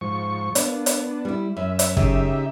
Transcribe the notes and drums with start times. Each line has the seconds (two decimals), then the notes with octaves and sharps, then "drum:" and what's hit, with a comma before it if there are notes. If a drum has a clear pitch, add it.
0.01 G#2 F3 C#6
0.55 A#3 B3 D4, drum: hi-hat
0.86 drum: hi-hat
1.25 G3 E4
1.57 F#2 E5
1.79 drum: hi-hat
1.97 C#3 D#4 G4 E5, drum: kick